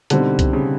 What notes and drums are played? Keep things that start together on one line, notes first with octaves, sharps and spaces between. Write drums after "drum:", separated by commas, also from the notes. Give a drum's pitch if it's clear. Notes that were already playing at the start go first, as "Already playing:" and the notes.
B2 D3 G3 C4 D#4, drum: hi-hat
drum: kick C2, hi-hat
C#3